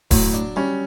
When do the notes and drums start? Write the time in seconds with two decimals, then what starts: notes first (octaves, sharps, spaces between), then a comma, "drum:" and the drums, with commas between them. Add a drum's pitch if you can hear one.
0.11 A2 F#3, drum: kick D#1, open hi-hat
0.34 D4
0.56 G3 C#4